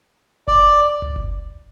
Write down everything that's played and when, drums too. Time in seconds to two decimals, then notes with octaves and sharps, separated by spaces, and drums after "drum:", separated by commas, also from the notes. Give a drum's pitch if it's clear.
0.48 D5, drum: kick F#1
1.02 drum: tom C#2
1.16 drum: kick F#1